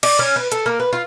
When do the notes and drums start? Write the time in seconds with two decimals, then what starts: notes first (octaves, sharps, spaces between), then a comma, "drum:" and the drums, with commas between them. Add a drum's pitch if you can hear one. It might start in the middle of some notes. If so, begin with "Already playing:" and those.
0.03 D5, drum: cymbal
0.19 C#4
0.36 B4
0.52 A4, drum: hi-hat
0.66 A#3
0.80 B4
0.93 F4